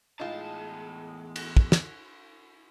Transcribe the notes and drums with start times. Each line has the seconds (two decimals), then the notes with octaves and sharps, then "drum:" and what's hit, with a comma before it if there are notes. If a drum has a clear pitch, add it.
0.20 E2 A2 G#3 D#4 F4 A5
1.36 drum: cymbal
1.57 drum: kick
1.72 drum: snare